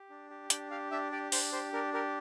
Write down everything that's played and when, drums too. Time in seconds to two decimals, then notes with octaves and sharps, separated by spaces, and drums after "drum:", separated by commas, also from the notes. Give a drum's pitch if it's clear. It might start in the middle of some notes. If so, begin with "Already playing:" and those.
Already playing: G4
0.10 D4
0.30 G4
0.50 D4 G5, drum: hi-hat
0.71 G4 F5
0.91 D4 E5
1.12 G4 D5
1.32 D4 C5, drum: open hi-hat
1.52 G4 C5
1.73 D4 A#4
1.94 G4 A#4